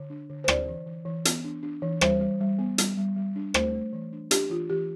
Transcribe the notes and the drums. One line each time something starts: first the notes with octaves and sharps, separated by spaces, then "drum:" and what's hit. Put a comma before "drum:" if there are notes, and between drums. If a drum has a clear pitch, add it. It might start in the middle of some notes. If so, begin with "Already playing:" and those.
Already playing: D3
D4
D3
C5
D4 D5, drum: rim click
E3
E3
E3
B3, drum: hi-hat
D4
D4
E3
G3 C5, drum: rim click
G3
G3
B3
G3, drum: hi-hat
G3
G3
D4
A3 C5, drum: rim click
A3
E3
D4
D4 G4, drum: hi-hat
E3 F4
E3 G4